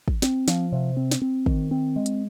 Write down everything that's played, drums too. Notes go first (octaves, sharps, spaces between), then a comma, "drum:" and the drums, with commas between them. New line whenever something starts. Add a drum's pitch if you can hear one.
drum: kick
C4, drum: snare
F3, drum: snare
C3
C4
drum: snare
C4
D#3, drum: kick
C4
G#3
drum: hi-hat